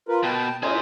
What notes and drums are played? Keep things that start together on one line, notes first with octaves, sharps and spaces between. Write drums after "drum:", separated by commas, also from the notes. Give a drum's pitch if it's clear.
F4 A#4 B4
B2 G5 A5
C#4 G#4 C5, drum: cymbal